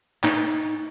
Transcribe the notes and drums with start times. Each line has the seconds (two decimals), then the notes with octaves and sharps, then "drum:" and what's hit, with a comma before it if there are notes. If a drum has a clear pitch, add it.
0.24 D#4, drum: clap